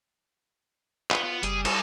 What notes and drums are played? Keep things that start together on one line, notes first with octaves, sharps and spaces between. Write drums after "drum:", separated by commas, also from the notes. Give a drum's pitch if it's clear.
B3 F4, drum: clap
B3
F#1 G3 G#4, drum: hi-hat
A4, drum: cymbal